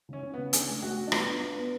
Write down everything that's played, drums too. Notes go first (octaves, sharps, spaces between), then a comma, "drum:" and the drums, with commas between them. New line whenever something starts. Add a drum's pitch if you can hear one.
C#3 C#4
C#4
B3
C#3
D4 G#4, drum: hi-hat
A3
A3 F#4
A3
D4
B3 F4, drum: rim click
D4
B3
B3